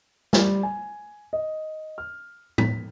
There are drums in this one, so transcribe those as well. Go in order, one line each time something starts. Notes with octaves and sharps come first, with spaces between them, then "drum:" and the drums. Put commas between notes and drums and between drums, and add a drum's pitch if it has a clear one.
G3, drum: snare
G#5
D#5
F6
B6, drum: tom